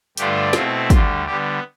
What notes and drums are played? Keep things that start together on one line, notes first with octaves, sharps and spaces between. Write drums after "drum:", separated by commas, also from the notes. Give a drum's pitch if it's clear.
G2 D3 A3 D4 F4 G4, drum: hi-hat
B2 A3 C4 E4 F4, drum: snare
D2 D3 G3 F4, drum: kick, hi-hat
D3 G3 B3 G4